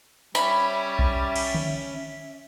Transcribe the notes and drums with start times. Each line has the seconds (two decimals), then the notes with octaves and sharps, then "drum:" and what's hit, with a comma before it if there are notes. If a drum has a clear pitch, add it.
0.35 G3 C#4 E5 B5, drum: tambourine
0.99 drum: kick B1
1.36 drum: cymbal
1.54 drum: tom D3